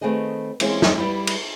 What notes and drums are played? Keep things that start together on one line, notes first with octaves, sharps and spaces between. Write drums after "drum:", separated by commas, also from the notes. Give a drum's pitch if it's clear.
D#3 A3 B3 C4 G#4 D#5
E3 G#3 A#3 C4 C#4, drum: cymbal
drum: snare
G3 B3 E4 G4
drum: cymbal